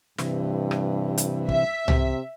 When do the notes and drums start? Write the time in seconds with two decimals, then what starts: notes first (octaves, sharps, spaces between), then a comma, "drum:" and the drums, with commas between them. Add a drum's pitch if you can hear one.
0.19 G2 C3 E3, drum: snare
0.71 drum: rim click
1.18 drum: hi-hat
1.49 E5, drum: kick
1.88 C3, drum: tom C2